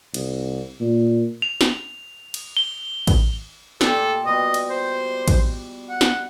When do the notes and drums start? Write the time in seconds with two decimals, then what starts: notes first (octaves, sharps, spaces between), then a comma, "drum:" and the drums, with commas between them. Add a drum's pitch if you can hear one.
0.14 C2, drum: cymbal
0.80 A#2
1.42 F7
1.61 drum: snare
2.34 drum: cymbal
2.57 G7
3.07 drum: kick, cymbal
3.81 A#2 G4 A4 D#5, drum: snare
4.26 B2 G3 D#5
4.54 drum: cymbal
4.70 C5
5.28 drum: kick, cymbal
5.89 F#5
6.01 drum: snare